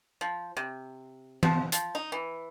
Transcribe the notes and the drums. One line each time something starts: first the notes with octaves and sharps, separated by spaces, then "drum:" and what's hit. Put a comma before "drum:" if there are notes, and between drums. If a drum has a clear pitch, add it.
F3
C3
F3, drum: tom E3
F3, drum: hi-hat
D#4
E3